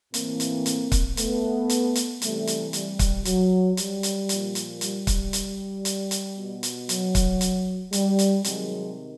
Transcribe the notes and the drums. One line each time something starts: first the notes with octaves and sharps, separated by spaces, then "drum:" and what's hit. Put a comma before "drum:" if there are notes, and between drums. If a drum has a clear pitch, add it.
A2 E3 A#3 C4, drum: hi-hat
drum: hi-hat
drum: hi-hat
drum: kick, hi-hat
A3 B3, drum: hi-hat
drum: hi-hat
drum: hi-hat
C3 E3 G3 A3, drum: hi-hat
drum: hi-hat
G3, drum: hi-hat
drum: kick, hi-hat
F#3, drum: hi-hat
G3, drum: hi-hat
drum: hi-hat
A#2 F3, drum: hi-hat
drum: hi-hat
G3, drum: hi-hat
drum: kick, hi-hat
drum: hi-hat
drum: hi-hat
drum: hi-hat
B2
drum: hi-hat
F#3, drum: hi-hat
drum: kick, hi-hat
drum: hi-hat
G3, drum: hi-hat
drum: hi-hat
C3 D#3 F#3 G#3, drum: hi-hat